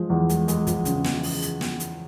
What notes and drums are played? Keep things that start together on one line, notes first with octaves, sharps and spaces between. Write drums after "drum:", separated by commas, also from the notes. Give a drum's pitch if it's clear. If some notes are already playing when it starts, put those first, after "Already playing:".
Already playing: F3 G#3
E2
G#3, drum: hi-hat
G#3, drum: hi-hat
F3, drum: kick, hi-hat
C#3, drum: hi-hat
drum: snare
drum: open hi-hat
drum: hi-hat
drum: snare
drum: hi-hat